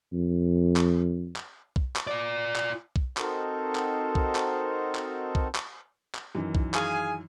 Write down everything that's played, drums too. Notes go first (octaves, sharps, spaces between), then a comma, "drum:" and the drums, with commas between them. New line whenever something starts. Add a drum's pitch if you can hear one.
F2
drum: clap
drum: clap
drum: kick B1
drum: clap
F4 D5
drum: clap
drum: kick B1
C4 D#4 F#4 A4 A#4 C5, drum: clap
drum: clap
drum: kick B1
drum: clap
drum: clap
drum: kick B1
drum: clap
drum: clap
F#2 D#3 E3
drum: kick B1
G#4 F5 G#5, drum: clap